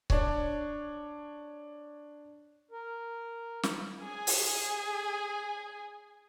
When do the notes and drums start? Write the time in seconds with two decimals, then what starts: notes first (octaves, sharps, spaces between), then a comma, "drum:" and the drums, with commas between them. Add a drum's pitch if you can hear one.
0.10 D4 C#5, drum: kick C#1
2.71 A#4
3.63 drum: snare
4.03 G#4 G#5
4.27 drum: open hi-hat